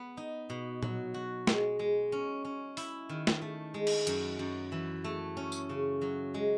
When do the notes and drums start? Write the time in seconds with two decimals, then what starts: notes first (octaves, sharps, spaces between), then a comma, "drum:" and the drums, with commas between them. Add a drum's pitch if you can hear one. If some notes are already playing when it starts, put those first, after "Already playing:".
Already playing: B3
0.17 D#4
0.50 B2
0.83 F#3, drum: tom A#2
1.14 F#4
1.47 G#3, drum: snare
1.79 G#3
2.12 C#4
2.45 C#4
2.77 E4, drum: open hi-hat
3.09 D#3
3.27 drum: snare
3.42 A3
3.74 G#3
3.87 drum: cymbal
4.07 F#2, drum: hi-hat
4.39 F#2
4.72 E3
5.04 A3
5.37 C#4
5.52 drum: tambourine
5.70 C#3
6.02 F#3
6.34 G#3